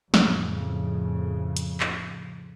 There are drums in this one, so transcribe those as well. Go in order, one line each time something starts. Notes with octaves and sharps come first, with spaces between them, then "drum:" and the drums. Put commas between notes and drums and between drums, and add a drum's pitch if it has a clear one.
F2 A2 C#3, drum: snare
drum: hi-hat
drum: clap